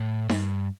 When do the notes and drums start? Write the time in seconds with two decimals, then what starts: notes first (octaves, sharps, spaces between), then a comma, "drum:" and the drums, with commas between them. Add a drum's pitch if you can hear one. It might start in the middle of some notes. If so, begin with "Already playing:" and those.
Already playing: A2
0.29 G2, drum: snare D#4